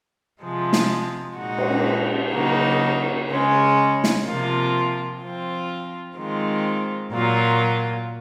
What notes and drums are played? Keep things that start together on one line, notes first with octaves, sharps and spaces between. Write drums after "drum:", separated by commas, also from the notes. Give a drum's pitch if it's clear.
C3 F3 G#3
drum: snare
A#2 G#3 D#4 F#4
drum: cymbal
C#3 F#3 A#3 D#4 F#4
C#3 G#3 C#4
drum: snare
C3 F3 A#3 F4
F3 C4 F4
D#3 G#3 C4 F4
A#2 F#3 A#3 F4